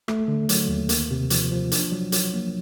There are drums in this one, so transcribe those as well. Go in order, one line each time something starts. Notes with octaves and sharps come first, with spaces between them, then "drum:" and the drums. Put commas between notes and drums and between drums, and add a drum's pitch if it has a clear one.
A3, drum: rim click
D3
F#3, drum: hi-hat
D#2
A#3, drum: hi-hat
C3
F3, drum: hi-hat
F3
D4, drum: hi-hat
F#3
F#3, drum: hi-hat
A#3